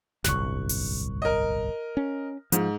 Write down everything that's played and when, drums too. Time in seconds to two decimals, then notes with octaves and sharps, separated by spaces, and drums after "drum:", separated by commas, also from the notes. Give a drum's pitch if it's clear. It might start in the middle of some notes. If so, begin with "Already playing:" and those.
0.24 D1 G1 C2 C#6 F#6, drum: snare
0.69 drum: open hi-hat
1.22 A#4 D#5
1.97 C#4
2.52 G#2 F3, drum: hi-hat